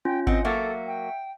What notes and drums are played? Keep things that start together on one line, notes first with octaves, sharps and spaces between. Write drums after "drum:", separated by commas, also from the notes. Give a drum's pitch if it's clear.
C#4 F4 G5
C4 D#5 F#5, drum: kick G#1
F#3 A#3 A4 E5 F#5
G5